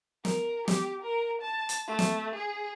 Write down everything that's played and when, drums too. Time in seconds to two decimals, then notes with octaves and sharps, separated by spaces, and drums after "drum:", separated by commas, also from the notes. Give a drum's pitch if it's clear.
0.25 A#4, drum: snare
0.68 G4, drum: snare
1.02 A#4
1.42 A5
1.69 drum: hi-hat
1.87 A3
1.99 drum: snare
2.36 G#4